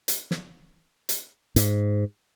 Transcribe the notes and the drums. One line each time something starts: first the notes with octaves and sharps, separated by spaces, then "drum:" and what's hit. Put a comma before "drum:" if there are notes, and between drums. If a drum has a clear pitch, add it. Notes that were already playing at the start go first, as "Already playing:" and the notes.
drum: hi-hat
drum: snare
drum: hi-hat
G#2, drum: hi-hat